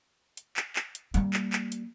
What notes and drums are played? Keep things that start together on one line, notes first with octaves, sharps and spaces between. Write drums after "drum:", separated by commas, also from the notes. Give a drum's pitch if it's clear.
drum: hi-hat
drum: clap
drum: clap
drum: hi-hat
G3 A#3, drum: hi-hat
drum: clap
drum: clap
drum: hi-hat